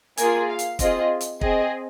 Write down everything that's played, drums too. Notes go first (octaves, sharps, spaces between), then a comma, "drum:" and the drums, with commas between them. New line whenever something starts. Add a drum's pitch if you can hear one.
A#3 F4 G#4 G#5, drum: hi-hat
F5
drum: hi-hat
C4 F4 G#4 D#5, drum: kick, hi-hat
drum: hi-hat
C4 G#4 D#5, drum: kick